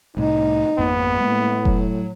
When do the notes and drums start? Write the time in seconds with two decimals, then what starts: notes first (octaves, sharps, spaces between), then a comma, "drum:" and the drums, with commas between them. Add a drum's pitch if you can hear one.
0.17 C2 A2 C3 D#4
0.78 G#1 F2 A#3 B3
1.20 A2 G#3 A#3
1.65 F#3, drum: kick F1